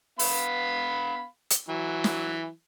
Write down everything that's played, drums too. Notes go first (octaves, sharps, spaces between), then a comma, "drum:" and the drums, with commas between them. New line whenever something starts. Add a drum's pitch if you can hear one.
B3 F5 B5, drum: open hi-hat
drum: hi-hat
E3 F#3
drum: snare